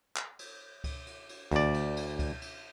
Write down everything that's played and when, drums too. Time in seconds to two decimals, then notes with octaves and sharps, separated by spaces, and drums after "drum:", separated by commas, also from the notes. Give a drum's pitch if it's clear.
0.16 drum: clap
0.39 drum: cymbal
0.84 drum: kick C#2, cymbal
1.06 drum: cymbal
1.29 drum: cymbal
1.52 D2 D5, drum: kick C#2, cymbal
1.74 drum: cymbal
1.97 drum: cymbal
2.19 drum: kick C#2, cymbal
2.42 drum: cymbal